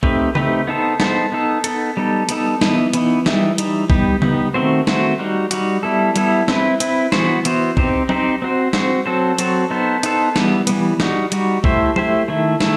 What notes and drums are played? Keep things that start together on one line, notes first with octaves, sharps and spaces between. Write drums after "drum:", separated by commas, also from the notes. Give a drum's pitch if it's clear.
A3 C4 D#4 G4 B4, drum: kick
A3 C4 D#4 G4 B4, drum: tom C#3
B3 D#4 A4 C5
B3 D#4 A4 C5, drum: snare
B3 D#4 A4
B3 D#4 A4, drum: hi-hat
G3 B3 D#4 A4
G3 B3 D#4 A4, drum: hi-hat
E3 B3 D#4, drum: snare
E3 B3 D#4, drum: hi-hat
E3 G3 D#4, drum: snare
E3 G3 D#4, drum: hi-hat
G3 B3 D#4 G4, drum: kick
G3 B3 D#4 G4, drum: tom C#3
D#3 A3 C4 F#4 C5
D#3 A3 C4 F#4 C5, drum: snare
G3 D#4 F#4
G3 D#4 F#4, drum: hi-hat
G3 B3 E4 A4
G3 B3 E4 A4, drum: hi-hat
C4 E4 B4, drum: snare
C4 E4 B4, drum: hi-hat
E3 B3 F#4 C5, drum: snare
E3 B3 F#4 C5, drum: hi-hat
C4 D#4 G4 C5, drum: kick
C4 D#4 G4 C5, drum: tom F#3
C4 F#4 C5
C4 F#4 C5, drum: snare
F#3 C4 F#4 A4 C5
F#3 C4 F#4 A4 C5, drum: hi-hat
B3 D#4 A4 C5
B3 D#4 A4 C5, drum: hi-hat
E3 G3 B3, drum: snare
E3 G3 B3, drum: hi-hat
G3 D#4 F#4, drum: snare
G3 D#4 F#4, drum: hi-hat
A3 E4 G4 C5, drum: kick
A3 E4 G4 C5, drum: tom F#3
D#3 A3 E4
D#3 A3 E4, drum: snare